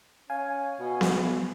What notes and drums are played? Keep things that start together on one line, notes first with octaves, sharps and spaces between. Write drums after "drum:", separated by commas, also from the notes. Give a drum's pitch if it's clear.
C#4 F5 G#5
B2
drum: snare B3